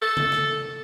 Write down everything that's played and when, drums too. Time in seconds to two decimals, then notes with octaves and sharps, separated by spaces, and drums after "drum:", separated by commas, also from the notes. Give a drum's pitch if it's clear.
0.02 A4
0.17 drum: tom C#3
0.32 drum: rim click